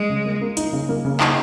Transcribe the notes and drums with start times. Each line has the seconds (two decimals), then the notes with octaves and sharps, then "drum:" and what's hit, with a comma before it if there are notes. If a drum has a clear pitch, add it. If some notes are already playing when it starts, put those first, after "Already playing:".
Already playing: G#3
0.10 C#3
0.25 A#3
0.41 A#3
0.57 D#4, drum: hi-hat
0.73 C#3
0.89 A#3
1.05 C#3
1.20 D#4, drum: clap